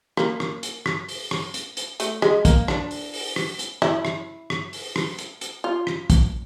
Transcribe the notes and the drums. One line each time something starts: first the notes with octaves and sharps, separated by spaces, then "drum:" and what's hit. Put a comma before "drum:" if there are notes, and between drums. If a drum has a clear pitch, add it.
A#3, drum: rim click
drum: rim click
drum: hi-hat
drum: rim click
drum: open hi-hat
drum: rim click
drum: hi-hat
drum: hi-hat
A3, drum: hi-hat
G#3, drum: rim click
A#3, drum: kick, hi-hat
D4, drum: rim click
drum: open hi-hat
drum: open hi-hat
drum: rim click
drum: hi-hat
E4, drum: rim click
drum: rim click
drum: rim click
drum: open hi-hat
drum: rim click
drum: hi-hat
drum: hi-hat
F4
drum: rim click
drum: kick, hi-hat